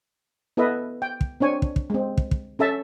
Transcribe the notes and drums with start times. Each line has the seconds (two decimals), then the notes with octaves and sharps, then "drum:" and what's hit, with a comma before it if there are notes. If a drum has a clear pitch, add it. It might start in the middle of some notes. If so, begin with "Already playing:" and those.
0.57 B3 E4 A4 B4 D#5 E5
1.02 G5
1.21 drum: kick
1.40 C4 D4 C#5 G#5
1.62 drum: kick
1.76 drum: kick
1.90 G#3 C4
2.17 drum: kick
2.31 drum: kick
2.59 C#4 A4 E5 A5